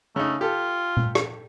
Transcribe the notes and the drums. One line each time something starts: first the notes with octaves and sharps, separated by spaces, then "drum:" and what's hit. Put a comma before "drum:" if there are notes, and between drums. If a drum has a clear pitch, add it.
C#3 A3 D#4
F4 G4 A4
drum: tom A#2
drum: rim click